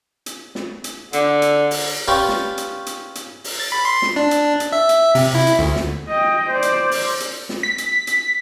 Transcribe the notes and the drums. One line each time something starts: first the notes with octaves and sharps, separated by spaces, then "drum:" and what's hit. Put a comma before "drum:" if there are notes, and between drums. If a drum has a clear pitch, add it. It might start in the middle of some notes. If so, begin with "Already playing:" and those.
drum: hi-hat
drum: snare
drum: hi-hat
D3, drum: hi-hat
drum: hi-hat
drum: open hi-hat
C#4 F4 G4 B4 D5
drum: snare
drum: hi-hat
drum: hi-hat
drum: hi-hat
drum: open hi-hat
A6
B5
C6
drum: snare
D4
drum: hi-hat
drum: hi-hat
E5
drum: hi-hat
C3, drum: open hi-hat
E4
drum: hi-hat
D2
drum: snare
D#5 G5
C5 D5
drum: hi-hat
drum: open hi-hat
drum: hi-hat
drum: snare
B6
drum: hi-hat
drum: hi-hat